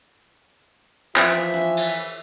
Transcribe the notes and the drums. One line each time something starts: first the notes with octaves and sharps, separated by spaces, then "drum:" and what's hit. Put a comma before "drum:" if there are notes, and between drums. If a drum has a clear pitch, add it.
E3 F3 E5, drum: clap
drum: hi-hat
drum: cymbal